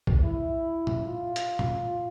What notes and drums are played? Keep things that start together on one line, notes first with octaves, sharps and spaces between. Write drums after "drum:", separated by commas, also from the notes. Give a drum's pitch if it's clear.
drum: kick B1
E4
drum: tom A#2
F4
drum: hi-hat
drum: tom A#2